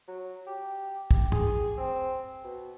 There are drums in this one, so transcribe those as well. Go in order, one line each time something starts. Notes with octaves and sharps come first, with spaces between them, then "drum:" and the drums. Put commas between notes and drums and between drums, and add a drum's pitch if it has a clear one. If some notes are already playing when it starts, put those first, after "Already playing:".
F#3
G4
G4, drum: kick
G#4, drum: tom G2
C4
B2